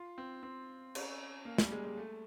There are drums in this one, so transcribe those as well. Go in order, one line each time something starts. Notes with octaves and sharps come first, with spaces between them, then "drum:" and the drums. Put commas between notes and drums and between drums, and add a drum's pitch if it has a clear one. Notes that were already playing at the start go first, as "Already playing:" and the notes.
Already playing: F4
C4
C4
C#4, drum: cymbal
A#3
G3, drum: snare
G#3
G#3
A3